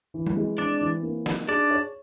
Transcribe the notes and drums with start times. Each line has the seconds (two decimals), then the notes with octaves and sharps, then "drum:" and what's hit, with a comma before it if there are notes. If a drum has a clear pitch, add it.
0.14 E3
0.27 drum: tom F3
0.37 G#3
0.58 C4 D4 D5
0.81 E3
1.03 A#3
1.26 D#4, drum: snare
1.48 D4 G#4 D5
1.71 C#5